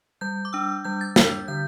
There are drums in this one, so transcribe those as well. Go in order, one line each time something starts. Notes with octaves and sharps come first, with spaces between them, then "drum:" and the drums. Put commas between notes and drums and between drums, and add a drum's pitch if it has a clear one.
G3 G6
D6
D4 E6
G3 G6
A6
D4 B6, drum: snare
D3 G6